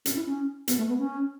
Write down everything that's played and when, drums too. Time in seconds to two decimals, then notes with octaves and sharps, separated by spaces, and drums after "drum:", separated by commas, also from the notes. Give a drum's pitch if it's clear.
0.06 C#4, drum: hi-hat
0.16 E4
0.26 C#4
0.68 B3, drum: hi-hat
0.77 A3
0.88 B3
0.98 C#4